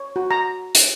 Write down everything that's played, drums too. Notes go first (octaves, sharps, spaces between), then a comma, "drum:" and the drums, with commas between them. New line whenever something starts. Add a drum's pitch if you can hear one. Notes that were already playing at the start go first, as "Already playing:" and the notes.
Already playing: C#5
F#4
A#5
drum: hi-hat